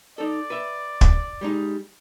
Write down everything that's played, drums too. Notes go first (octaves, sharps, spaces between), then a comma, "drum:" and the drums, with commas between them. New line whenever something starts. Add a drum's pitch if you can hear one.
D#4 A4 D5
B4 E5
drum: kick
G3 G#3 D#4